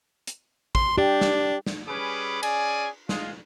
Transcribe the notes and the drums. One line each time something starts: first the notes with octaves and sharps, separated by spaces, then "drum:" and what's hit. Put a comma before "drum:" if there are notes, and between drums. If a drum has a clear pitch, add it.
drum: hi-hat
C6, drum: kick
D4 G4
drum: snare
drum: snare
G3 C#4 G#4 B4 B5 D6
C#4 G#4 D5 G#5, drum: cymbal
G#3 F4, drum: snare